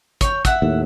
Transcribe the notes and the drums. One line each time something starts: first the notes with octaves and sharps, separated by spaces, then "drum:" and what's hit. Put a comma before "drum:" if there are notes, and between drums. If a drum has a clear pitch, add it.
C#5 G5, drum: kick, hi-hat
E5 F#5 E6, drum: kick, hi-hat
D#2 A2